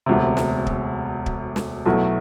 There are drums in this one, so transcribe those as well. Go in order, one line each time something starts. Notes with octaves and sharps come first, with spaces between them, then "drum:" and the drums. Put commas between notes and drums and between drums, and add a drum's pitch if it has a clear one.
E1 D2 C3
drum: snare
drum: kick
drum: kick
drum: snare
B1 B2 F#3 A3 E4